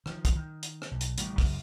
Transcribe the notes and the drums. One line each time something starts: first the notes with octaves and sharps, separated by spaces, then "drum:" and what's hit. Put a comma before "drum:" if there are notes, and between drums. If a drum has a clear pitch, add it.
D#3 F3, drum: rim click
drum: kick, hi-hat
D#3
drum: hi-hat
drum: rim click
B1
drum: hi-hat
A1 D#3 G3, drum: hi-hat
F#2 C#3, drum: kick, open hi-hat